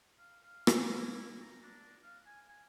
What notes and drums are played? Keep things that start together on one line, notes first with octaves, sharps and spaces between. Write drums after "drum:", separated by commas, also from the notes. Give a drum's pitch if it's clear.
F5
F5
drum: rim click
E4
A#5
D4
F5
G#5
G#5